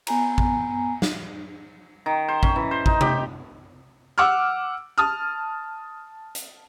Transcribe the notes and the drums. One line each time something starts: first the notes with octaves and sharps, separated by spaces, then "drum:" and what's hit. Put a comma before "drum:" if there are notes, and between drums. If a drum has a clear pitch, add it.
B3 G#5 A#5, drum: cymbal
drum: kick A1
drum: snare
D#3
C5
C#4, drum: kick A1
E3
C5
D#4, drum: kick A1
G4, drum: tom C3
F#5 D6 E6 F6
A5 D#6 F6
drum: hi-hat